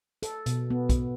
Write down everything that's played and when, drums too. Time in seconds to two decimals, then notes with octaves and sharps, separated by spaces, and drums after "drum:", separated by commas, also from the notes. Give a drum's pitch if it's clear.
0.23 A4, drum: hi-hat
0.46 B2, drum: hi-hat
0.70 B3
0.89 drum: kick, hi-hat